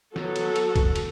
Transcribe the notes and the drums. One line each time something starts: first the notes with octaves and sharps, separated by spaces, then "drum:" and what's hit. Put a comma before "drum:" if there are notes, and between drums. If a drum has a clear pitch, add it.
F#3 B3 F#4 A4, drum: snare
drum: cymbal
drum: cymbal
drum: kick, cymbal
drum: cymbal